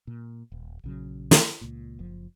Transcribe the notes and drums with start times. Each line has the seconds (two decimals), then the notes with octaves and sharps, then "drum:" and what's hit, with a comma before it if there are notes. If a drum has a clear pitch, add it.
0.07 A#2
0.52 D#1
0.84 A#1 C#3 F#3
1.31 drum: snare
1.61 C#2 A#2
1.99 F#1 F3